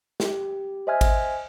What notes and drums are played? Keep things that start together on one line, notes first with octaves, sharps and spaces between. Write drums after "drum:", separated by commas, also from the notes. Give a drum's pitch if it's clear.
G4, drum: snare
C5 D#5 E5 G#5 F6 G#6
drum: kick G#1, cymbal